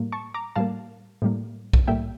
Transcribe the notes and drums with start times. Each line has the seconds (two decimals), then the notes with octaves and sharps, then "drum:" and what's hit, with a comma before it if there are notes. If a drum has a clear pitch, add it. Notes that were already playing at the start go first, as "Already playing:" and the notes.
Already playing: A2 G3 A#3
0.12 A5 C#6
0.34 A#5 D6
0.56 A2 G3 A#3 F5 A5
1.22 A2 G3 A#3
1.73 drum: kick B1
1.87 A2 G3 A#3 E5 G5